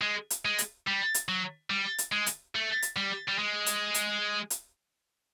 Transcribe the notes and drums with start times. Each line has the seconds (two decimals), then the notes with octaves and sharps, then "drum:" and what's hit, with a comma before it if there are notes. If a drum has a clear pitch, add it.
0.02 G#3
0.30 drum: hi-hat
0.45 G#3
0.58 drum: hi-hat
0.87 G3
1.14 drum: hi-hat
1.28 F#3
1.70 G3
1.98 drum: hi-hat
2.12 G#3
2.26 drum: hi-hat
2.55 A3
2.82 drum: hi-hat
2.96 G3
3.28 G3
3.38 G#3
3.66 drum: hi-hat
3.94 drum: hi-hat
4.50 drum: hi-hat